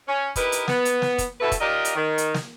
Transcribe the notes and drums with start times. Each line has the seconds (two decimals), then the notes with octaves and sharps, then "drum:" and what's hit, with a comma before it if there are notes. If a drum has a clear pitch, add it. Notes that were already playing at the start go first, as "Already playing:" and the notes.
0.08 C#4
0.36 D#4 E4 G4 A#4 B4, drum: kick, hi-hat
0.52 drum: hi-hat
0.68 B3, drum: snare
0.85 drum: hi-hat
1.02 drum: snare
1.18 drum: kick, hi-hat
1.40 G2 B2 A3 E4 A4 B4
1.52 drum: kick, hi-hat
1.61 D#4 F4 G4 A#4 D5 D#5
1.85 drum: hi-hat
1.96 D#3
2.18 drum: hi-hat
2.34 drum: snare